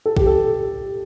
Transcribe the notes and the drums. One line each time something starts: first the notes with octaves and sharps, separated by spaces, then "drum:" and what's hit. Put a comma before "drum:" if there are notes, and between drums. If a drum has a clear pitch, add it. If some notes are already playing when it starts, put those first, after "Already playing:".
A4
G4, drum: kick
A4